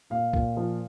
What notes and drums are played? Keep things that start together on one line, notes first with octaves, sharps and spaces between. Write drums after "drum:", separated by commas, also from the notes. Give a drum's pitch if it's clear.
A#2 F5
A#2, drum: kick
F3